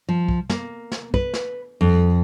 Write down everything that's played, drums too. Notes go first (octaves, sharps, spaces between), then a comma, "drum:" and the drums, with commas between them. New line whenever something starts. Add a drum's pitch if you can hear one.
F3
drum: kick
A#3, drum: snare
drum: snare
B4, drum: kick
drum: snare
F2